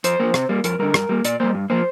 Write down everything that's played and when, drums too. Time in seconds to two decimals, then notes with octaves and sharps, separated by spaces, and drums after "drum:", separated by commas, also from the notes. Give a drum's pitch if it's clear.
0.04 F2 C5, drum: hi-hat
0.20 F3 A#3
0.34 C3, drum: rim click
0.49 G3 A#3
0.64 F2 A#4, drum: hi-hat
0.79 D3 G3 A#4
0.94 G2, drum: rim click
1.09 G3 A#3
1.25 A#2 D5, drum: hi-hat
1.40 G3 A#3 C5
1.55 G2
1.70 F3 A#3 C5